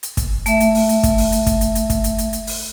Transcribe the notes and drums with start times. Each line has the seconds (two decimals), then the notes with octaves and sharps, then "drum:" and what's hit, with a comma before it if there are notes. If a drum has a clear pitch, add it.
0.03 drum: hi-hat
0.17 drum: kick, hi-hat
0.46 A3 E5, drum: hi-hat
0.60 drum: hi-hat
0.75 drum: open hi-hat
0.89 drum: hi-hat
1.03 drum: kick, hi-hat
1.18 drum: open hi-hat
1.32 drum: hi-hat
1.46 drum: kick, hi-hat
1.61 drum: hi-hat
1.75 drum: hi-hat
1.90 drum: kick, hi-hat
2.04 drum: hi-hat
2.18 drum: hi-hat
2.33 drum: hi-hat
2.47 drum: open hi-hat